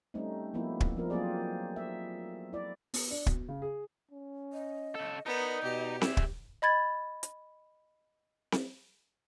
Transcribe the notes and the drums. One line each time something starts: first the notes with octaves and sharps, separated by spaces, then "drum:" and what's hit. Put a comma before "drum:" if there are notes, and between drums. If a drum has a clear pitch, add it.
G3 A3 C4 C#4 D#4
F3 A#3 B3 E4
drum: kick
F3 C4 A#4
F#3 A#3 C4 F4 G#4 D5
E5
E4 D5
B3, drum: open hi-hat
D4
B2, drum: kick
C#3
G#4
C#4
D#5
C#3 A4
B3 D#4 A#4 D5
B2 G4
G#4 E5, drum: snare C4
drum: kick
D#5 B5 G#6 A6
drum: hi-hat
drum: snare C4